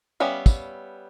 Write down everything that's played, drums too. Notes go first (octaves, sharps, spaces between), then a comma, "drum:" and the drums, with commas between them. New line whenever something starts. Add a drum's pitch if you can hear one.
G3 B3 C#4 E5 F5
drum: kick, tambourine